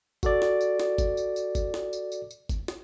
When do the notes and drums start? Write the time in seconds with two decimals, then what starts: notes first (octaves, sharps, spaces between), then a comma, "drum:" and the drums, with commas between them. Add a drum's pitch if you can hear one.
0.23 F#4 A4 D5, drum: kick G1, tambourine
0.42 drum: snare
0.61 drum: tambourine
0.80 drum: snare
0.98 drum: kick G1, tambourine
1.17 drum: tambourine
1.36 drum: tambourine
1.55 drum: kick G1, tambourine
1.74 drum: snare
1.93 drum: tambourine
2.12 drum: tambourine
2.31 drum: tambourine
2.49 drum: kick G1, tambourine
2.68 drum: snare